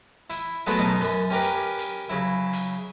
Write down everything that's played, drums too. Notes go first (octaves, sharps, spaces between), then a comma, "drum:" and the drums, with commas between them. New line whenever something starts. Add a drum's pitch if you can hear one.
E4, drum: hi-hat
F#3 G#3 A3 B3 E4 F#4, drum: hi-hat
B2 F#3 D#4
F#2, drum: hi-hat
C#4 G4 A#4 B4
drum: hi-hat
drum: hi-hat
C#3 F#3 E4
drum: hi-hat